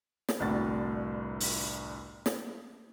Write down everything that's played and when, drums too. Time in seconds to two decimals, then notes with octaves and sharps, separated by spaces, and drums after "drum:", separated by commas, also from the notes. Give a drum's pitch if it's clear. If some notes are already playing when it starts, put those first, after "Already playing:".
0.29 drum: snare
0.40 G1 C2 A2 D4 F#4 A6
1.40 drum: open hi-hat
2.26 drum: snare